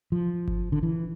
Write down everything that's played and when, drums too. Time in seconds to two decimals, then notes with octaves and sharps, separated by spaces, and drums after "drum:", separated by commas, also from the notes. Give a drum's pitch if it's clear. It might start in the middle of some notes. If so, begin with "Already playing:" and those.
0.12 F3
0.48 drum: kick G1
0.72 D3
0.83 E3